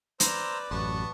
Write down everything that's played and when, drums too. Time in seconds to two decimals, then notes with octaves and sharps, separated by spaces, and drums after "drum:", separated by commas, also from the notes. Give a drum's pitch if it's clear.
0.20 B4 C5 D5 A#5 E6, drum: hi-hat
0.71 A1 F#2 B3 A5 C#6